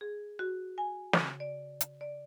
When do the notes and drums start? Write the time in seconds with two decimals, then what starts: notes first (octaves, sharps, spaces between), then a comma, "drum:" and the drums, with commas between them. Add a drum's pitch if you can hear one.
0.01 G#4
0.39 F#4
0.78 G#5
1.13 C#3, drum: snare
1.40 D5
1.81 drum: hi-hat
2.01 D5